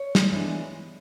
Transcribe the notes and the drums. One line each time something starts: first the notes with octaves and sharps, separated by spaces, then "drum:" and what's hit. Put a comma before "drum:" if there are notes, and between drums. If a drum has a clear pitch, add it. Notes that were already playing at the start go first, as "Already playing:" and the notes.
Already playing: C#5
drum: snare
E3 G#3 B3 D4